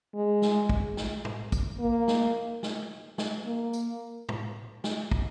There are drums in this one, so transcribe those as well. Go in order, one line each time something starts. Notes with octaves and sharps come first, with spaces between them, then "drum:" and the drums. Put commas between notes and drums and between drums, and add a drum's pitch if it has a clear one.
G#3
drum: snare
drum: kick
drum: snare
drum: tom
drum: kick, tambourine
A#3
drum: snare
drum: snare
drum: snare
A#3
drum: tambourine
drum: tom
drum: snare
drum: kick